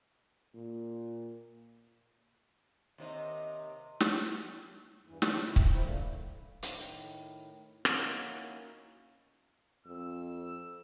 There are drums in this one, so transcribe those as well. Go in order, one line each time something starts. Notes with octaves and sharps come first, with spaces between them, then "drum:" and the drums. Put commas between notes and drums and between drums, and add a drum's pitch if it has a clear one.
A#2
D#2 C3 D#4
drum: snare
E2 G2 E3
D3 E3 G#3 C#4 D4, drum: snare
A2 D#3 E4
D#4 E5 G5, drum: kick C#1
F3 G#3 E4
A#2 D3 A3 A#3
A2 D#3, drum: hi-hat
A#3 C#4 D#4 E4 F#4 A#4, drum: rim click
F2 E6